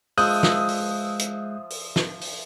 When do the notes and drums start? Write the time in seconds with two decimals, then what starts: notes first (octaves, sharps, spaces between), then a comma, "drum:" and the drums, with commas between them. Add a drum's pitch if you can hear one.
0.18 F3 G#3 E5 D#6 F#6 G6, drum: open hi-hat
0.43 drum: snare
0.68 drum: open hi-hat
1.19 drum: hi-hat
1.70 drum: open hi-hat
1.96 drum: snare
2.21 drum: open hi-hat